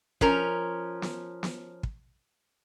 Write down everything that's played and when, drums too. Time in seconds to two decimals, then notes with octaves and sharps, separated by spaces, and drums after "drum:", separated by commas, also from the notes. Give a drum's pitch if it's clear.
0.21 F3 C#4 A#4, drum: kick
1.02 drum: snare
1.43 drum: snare
1.83 drum: kick